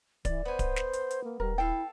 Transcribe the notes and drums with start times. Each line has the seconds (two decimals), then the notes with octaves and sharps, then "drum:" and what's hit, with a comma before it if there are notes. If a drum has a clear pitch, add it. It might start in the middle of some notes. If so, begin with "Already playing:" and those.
0.25 E3 D5, drum: kick D1, hi-hat
0.45 B3 C5 G#5
0.59 drum: kick D1, hi-hat
0.76 drum: snare
0.93 drum: hi-hat
1.11 drum: hi-hat
1.24 A#3
1.40 D#1 G3 A#4
1.58 E4 A4 F5 G5